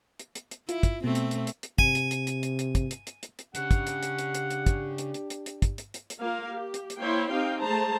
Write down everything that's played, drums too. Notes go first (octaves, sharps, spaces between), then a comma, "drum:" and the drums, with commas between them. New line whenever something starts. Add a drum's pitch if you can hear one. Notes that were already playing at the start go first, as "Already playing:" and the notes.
drum: hi-hat
drum: hi-hat
drum: hi-hat
E4 F4, drum: hi-hat
drum: kick, hi-hat
B2 A3 C4
drum: hi-hat
drum: hi-hat
drum: hi-hat
drum: hi-hat
C3 G#5, drum: kick
drum: hi-hat
drum: hi-hat
drum: hi-hat
drum: hi-hat
drum: hi-hat
drum: kick, hi-hat
drum: hi-hat
drum: hi-hat
drum: hi-hat
drum: hi-hat
C#3 D4 G4 F#5, drum: hi-hat
drum: kick, hi-hat
drum: hi-hat
drum: hi-hat
drum: hi-hat
drum: hi-hat
drum: hi-hat
drum: kick, hi-hat
drum: hi-hat
drum: hi-hat
drum: hi-hat
drum: hi-hat
drum: kick, hi-hat
drum: hi-hat
drum: hi-hat
drum: hi-hat
A#3 F4 A#4 F5
G4
drum: hi-hat
drum: hi-hat
A#3 E4 C5 C#5 G5 C6
C4 D#4 G4 F5 G5
G#3 A3 G#4 C5 A5 A#5